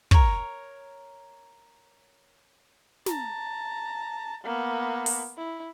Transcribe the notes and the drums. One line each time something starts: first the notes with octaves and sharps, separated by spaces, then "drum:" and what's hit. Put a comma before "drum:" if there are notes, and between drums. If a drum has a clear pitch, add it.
A#4 C#5, drum: kick
A5 A#5, drum: snare
A#3 B3
drum: open hi-hat
E4